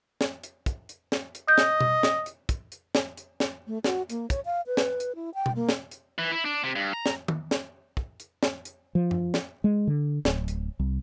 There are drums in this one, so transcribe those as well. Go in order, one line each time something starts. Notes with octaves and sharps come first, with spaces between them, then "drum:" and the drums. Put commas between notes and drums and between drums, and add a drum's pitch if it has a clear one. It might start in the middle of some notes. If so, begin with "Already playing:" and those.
drum: snare
drum: hi-hat
drum: kick, hi-hat
drum: hi-hat
drum: snare
drum: hi-hat
D#5 G6
drum: snare
drum: tom B2
drum: snare
drum: hi-hat
drum: kick, hi-hat
drum: hi-hat
drum: snare
drum: hi-hat
drum: snare
A3
F#4, drum: snare
A#3, drum: hi-hat
C#5, drum: kick, hi-hat
F5
B4
drum: snare
drum: hi-hat
E4
G5
drum: tom B2
A#3
drum: snare
drum: hi-hat
E3
E4
D4
C3
G2
A#5
drum: snare
drum: tom
drum: snare
drum: kick
drum: hi-hat
drum: snare
drum: hi-hat
F3
drum: tom F#2
drum: snare
G#3
D3
D1, drum: snare
drum: hi-hat
C2